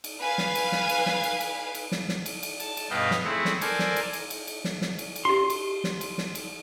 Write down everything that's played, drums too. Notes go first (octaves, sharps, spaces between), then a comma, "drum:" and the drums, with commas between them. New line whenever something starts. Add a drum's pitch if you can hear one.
drum: cymbal
B4 F5 G#5
drum: snare
drum: cymbal
drum: snare
drum: cymbal
drum: snare
drum: cymbal
drum: cymbal
drum: cymbal
drum: snare
drum: snare
drum: cymbal
drum: cymbal
A5, drum: cymbal
drum: cymbal
G2 B2 B3 D#5 F5 G5
drum: snare
A3 C4 E4 G#4 F#5
drum: snare
A4 A#4 C5 D5 G#5, drum: cymbal
drum: snare
drum: cymbal
drum: cymbal
drum: cymbal
drum: cymbal
drum: snare
drum: snare
drum: cymbal
drum: cymbal
F#4 G4 C6
drum: cymbal
drum: snare
drum: cymbal
drum: snare
drum: cymbal